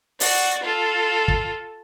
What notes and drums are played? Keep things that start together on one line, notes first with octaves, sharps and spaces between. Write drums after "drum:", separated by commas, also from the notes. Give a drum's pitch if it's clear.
F#4 D5, drum: open hi-hat
F4 A4
drum: kick